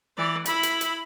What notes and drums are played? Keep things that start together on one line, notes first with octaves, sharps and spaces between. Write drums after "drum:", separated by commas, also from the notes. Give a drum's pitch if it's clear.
E3 D5
E4 B5, drum: hi-hat
drum: hi-hat
drum: hi-hat